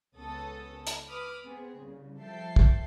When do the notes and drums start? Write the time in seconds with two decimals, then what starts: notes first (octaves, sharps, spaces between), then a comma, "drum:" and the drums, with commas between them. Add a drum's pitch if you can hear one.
0.15 C#2 B3 C#4 A4 D#6
0.87 drum: hi-hat
1.08 B4 B5 D6 D#6 F6
1.43 B3 C4 G#4
1.78 C2 C#3
2.18 F3 A4 E5 G5 C7
2.56 drum: kick